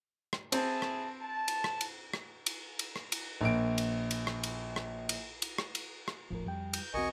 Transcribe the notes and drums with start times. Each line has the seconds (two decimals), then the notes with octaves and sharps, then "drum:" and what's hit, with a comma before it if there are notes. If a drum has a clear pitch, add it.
0.33 drum: rim click
0.52 C4 E4 G#4 A5, drum: cymbal
0.82 drum: rim click
1.21 A5
1.48 drum: cymbal
1.64 drum: rim click
1.81 drum: cymbal
2.14 drum: rim click
2.46 drum: cymbal
2.79 drum: cymbal
2.96 drum: rim click
3.12 drum: cymbal
3.41 A#1 A#2 D7
3.78 drum: cymbal
4.11 drum: cymbal
4.27 drum: rim click
4.43 drum: cymbal
4.76 drum: rim click
5.09 drum: cymbal
5.42 drum: cymbal
5.58 drum: rim click
5.75 drum: cymbal
6.08 drum: rim click
6.30 D#1 G#1 A2 F3 A#4
6.46 F2 G3 G5
6.73 G6, drum: cymbal
6.94 B1 E2 C4 F#4 A#4 D#5 G#5 C#6